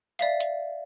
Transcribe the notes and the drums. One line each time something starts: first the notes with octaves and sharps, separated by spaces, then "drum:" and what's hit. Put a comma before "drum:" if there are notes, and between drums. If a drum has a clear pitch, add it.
D5 E5 F5, drum: hi-hat
drum: hi-hat